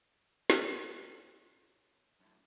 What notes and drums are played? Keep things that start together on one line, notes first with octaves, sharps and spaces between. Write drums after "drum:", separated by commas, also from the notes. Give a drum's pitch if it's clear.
G#3, drum: snare
C#5 C6
F#2 A2 D4 A5